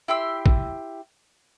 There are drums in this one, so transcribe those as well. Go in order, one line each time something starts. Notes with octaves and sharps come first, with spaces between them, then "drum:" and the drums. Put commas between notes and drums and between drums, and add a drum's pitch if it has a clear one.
E4 G4 C6 E6
drum: kick